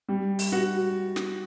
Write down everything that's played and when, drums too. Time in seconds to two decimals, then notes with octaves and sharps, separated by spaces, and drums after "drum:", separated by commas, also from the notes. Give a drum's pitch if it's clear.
0.08 G3
0.39 drum: open hi-hat
0.52 F#4
1.16 drum: snare